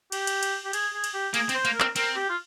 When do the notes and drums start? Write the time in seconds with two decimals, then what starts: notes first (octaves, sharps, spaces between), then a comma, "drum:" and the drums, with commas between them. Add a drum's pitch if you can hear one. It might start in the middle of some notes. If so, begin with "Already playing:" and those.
0.12 G4, drum: cymbal
0.27 drum: cymbal
0.43 drum: cymbal
0.65 G4
0.73 G#4, drum: cymbal
0.94 G#4
1.04 drum: cymbal
1.14 G4
1.34 A#3 G#4, drum: cymbal
1.49 C4, drum: cymbal
1.55 C5
1.65 A#3, drum: cymbal
1.75 A#4
1.80 C4, drum: clap
1.96 C4 A#4, drum: cymbal
2.15 G4
2.29 F4